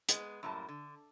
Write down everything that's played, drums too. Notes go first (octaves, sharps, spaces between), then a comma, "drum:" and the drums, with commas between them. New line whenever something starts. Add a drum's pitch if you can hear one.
G#3 B3, drum: hi-hat
F#2 A2 G3 A#3 A5
D3